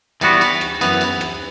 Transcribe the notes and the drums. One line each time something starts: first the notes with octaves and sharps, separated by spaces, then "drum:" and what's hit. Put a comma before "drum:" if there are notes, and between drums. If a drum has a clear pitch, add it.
E3 G3 B3 F#4, drum: cymbal
drum: cymbal
drum: rim click
F#2 E3 B3, drum: cymbal
drum: cymbal
drum: rim click